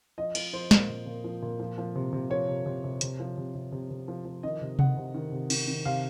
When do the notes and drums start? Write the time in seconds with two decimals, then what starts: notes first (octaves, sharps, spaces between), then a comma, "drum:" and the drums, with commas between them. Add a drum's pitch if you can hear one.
0.18 F3 D#5
0.35 F3, drum: cymbal
0.53 F3 C5
0.71 A#2, drum: snare
0.89 A#2
1.06 A#2
1.24 F3
1.42 A#2
1.60 F3
1.78 F3
1.95 C3
2.13 C3
2.30 F3 C#5
2.49 C3
2.66 C3
2.84 C3
3.01 C3, drum: hi-hat
3.20 F3
3.38 C3
3.55 C3
3.72 C3
3.90 C3
4.08 F3
4.25 F3
4.43 D#3 D#5
4.61 C3
4.79 C3 F#5, drum: tom C3
4.97 C3
5.14 D#3
5.32 C3
5.50 D#3, drum: cymbal
5.67 D#3
5.85 C3 F5